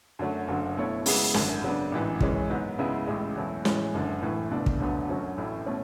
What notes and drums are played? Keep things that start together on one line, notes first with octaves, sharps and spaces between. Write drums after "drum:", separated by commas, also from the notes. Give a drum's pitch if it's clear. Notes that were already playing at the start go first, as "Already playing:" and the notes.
F#2 D3 F#3 A3
F#1 F#2 D3 F#3
B2 A3 E4 A4 C#5
C#3 G#3 B3 E4 G#4, drum: open hi-hat
G#1 F#2 D3, drum: snare
C#3 F#3 B3 D4
A1 G#2 E3
F#2 E3 G#3 C#4, drum: kick
G#2 F#3 B3
C#2 C#3 G#3 B3 E4
A1 A2 G#3
E2 B2 F#3 A3 E4
A2 E3 G#3 C#4, drum: snare
F#1 F#2 D3
A2 E3 A3
C#2 B2 A3 D4 A4
drum: kick
E1 D2 D3 F#3 B3
F#2 D3 F#3 C#4 F#4
A1 A2 E3 A3
B2 A3 C#4